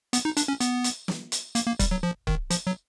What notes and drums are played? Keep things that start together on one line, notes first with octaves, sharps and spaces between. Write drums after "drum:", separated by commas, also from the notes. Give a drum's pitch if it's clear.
B3, drum: hi-hat
D#4
D4, drum: hi-hat
C#4
B3, drum: hi-hat
drum: hi-hat
drum: snare
drum: hi-hat
A#3, drum: hi-hat
A#3
G3, drum: kick C#1, hi-hat
F#3
F3
D#3, drum: kick C#1
F3, drum: hi-hat
F#3